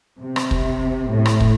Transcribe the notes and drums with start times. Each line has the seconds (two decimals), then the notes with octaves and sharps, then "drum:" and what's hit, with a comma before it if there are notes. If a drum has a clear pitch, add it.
0.21 C3
0.36 drum: rim click
0.51 drum: kick
1.11 A2
1.26 drum: rim click
1.40 drum: kick